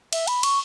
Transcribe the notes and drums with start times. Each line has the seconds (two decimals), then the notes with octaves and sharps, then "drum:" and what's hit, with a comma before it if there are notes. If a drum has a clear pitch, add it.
0.13 E5, drum: cymbal
0.27 B5, drum: cymbal
0.43 C#6, drum: cymbal